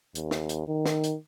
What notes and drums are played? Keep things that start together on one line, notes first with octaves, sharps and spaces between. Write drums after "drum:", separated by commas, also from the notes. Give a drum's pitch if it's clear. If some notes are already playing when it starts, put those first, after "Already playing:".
D#2, drum: hi-hat
drum: snare
drum: hi-hat
D#3
drum: snare
drum: hi-hat